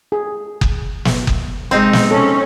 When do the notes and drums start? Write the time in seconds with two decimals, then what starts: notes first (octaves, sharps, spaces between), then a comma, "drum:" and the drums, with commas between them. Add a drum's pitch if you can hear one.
0.12 G#4
0.61 drum: kick F#1
1.05 drum: snare
1.27 drum: kick F#1
1.71 C3 G#3 C4 D#4 C6
1.93 drum: snare
2.11 C#4 A4